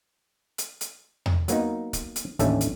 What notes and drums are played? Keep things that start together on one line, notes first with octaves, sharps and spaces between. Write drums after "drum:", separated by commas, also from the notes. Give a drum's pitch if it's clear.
drum: hi-hat
drum: hi-hat
drum: tom E2
F#3 A#3 B3 D#4, drum: hi-hat
drum: kick, hi-hat
drum: hi-hat
A1 D#2 A3 C#4 D4 E5, drum: hi-hat
drum: hi-hat